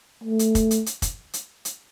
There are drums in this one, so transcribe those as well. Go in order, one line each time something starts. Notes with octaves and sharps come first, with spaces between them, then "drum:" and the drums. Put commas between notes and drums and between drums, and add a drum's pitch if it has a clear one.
A3
drum: hi-hat
drum: kick, hi-hat
drum: hi-hat
drum: hi-hat
drum: kick, hi-hat
drum: hi-hat
drum: hi-hat